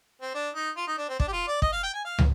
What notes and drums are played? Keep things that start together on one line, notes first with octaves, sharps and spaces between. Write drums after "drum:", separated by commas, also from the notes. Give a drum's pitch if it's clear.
C4
D4
D#4
F4
D#4
D4
C4
D4, drum: kick
G4
F4
D5
D#5, drum: kick
F5
G5
G#5
F5
drum: tom